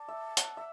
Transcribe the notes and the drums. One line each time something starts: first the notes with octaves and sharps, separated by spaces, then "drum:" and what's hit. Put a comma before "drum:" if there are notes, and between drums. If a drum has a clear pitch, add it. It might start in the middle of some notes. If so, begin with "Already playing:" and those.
Already playing: D5 A5
E5
F#5, drum: hi-hat
E5